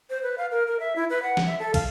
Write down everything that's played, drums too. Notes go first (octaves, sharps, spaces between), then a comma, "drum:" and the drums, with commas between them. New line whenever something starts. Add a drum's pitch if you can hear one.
C5
B4
F5
A#4
A#4
E5
E4
B4
F#5
drum: snare
E5
A4
F5, drum: kick, cymbal